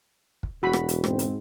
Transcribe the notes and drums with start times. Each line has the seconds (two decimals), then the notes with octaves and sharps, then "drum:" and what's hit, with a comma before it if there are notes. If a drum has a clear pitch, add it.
0.43 drum: kick
0.63 E1 F#4 B5
0.73 drum: rim click
0.89 drum: hi-hat
1.04 G#2 C4, drum: rim click
1.19 drum: hi-hat